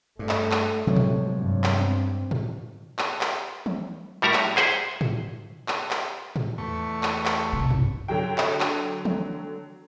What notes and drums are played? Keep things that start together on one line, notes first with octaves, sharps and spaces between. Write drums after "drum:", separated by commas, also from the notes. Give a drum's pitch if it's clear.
G2 A3
drum: clap
drum: clap
C3 F3 F#3 G#3 C#5
drum: tom
G2
drum: clap
C4
drum: tom
drum: clap
drum: clap
drum: tom
A2 G3 F#4 A#4 E5 A#5
drum: clap
G#4 C5 E5 F#5, drum: clap
drum: tom
drum: clap
drum: clap
drum: tom
E2 A3 C#6
drum: clap
drum: clap
B1 C3
drum: tom
D3 F#3 F#4 G5
drum: clap
drum: clap
drum: tom